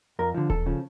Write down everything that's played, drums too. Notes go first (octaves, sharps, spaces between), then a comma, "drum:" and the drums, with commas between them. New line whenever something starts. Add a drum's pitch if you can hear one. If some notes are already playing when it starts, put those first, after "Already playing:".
F2 A#4
D3 F3
E2 A4, drum: kick D#1
C#3 F3